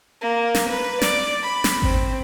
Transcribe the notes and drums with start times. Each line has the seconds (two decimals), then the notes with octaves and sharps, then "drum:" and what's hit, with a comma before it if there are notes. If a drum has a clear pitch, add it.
0.21 A#3
0.55 drum: snare
0.69 B4
1.01 D5, drum: snare
1.43 B5
1.64 drum: snare
1.82 C4, drum: kick G#1